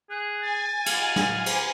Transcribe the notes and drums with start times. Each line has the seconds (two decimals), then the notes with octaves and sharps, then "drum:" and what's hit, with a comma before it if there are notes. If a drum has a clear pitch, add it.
0.10 G#4 F#6
0.41 G#5 A6
0.86 F5, drum: cymbal
1.16 drum: snare
1.34 G#5
1.46 drum: cymbal